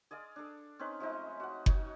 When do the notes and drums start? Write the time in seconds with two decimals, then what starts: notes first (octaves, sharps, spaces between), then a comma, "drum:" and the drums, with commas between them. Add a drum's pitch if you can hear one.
0.11 G#4 D5 D#5 F5
0.36 D4 A4
0.79 C4 C#4 D#4 B4
1.00 F3 G#3 A3 D#4
1.40 F#4 F#5
1.66 D#4 F#4 C#5 D#5, drum: kick F#1